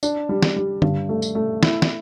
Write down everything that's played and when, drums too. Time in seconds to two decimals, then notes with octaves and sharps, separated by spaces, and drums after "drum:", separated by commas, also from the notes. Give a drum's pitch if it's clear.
0.03 D4, drum: tambourine
0.29 G3
0.42 drum: snare
0.56 G3
0.82 G2, drum: tom D3
1.09 A3
1.22 drum: tambourine
1.35 A3
1.63 E4, drum: snare
1.82 drum: snare